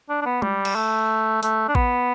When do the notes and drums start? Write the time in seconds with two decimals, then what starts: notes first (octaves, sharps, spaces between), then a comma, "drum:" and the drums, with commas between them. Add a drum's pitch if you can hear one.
0.09 D4
0.22 D4
0.26 B3
0.42 G3, drum: tom G#3
0.65 drum: cymbal
0.75 A3
1.43 A3, drum: hi-hat
1.69 D4
1.75 B3, drum: kick A1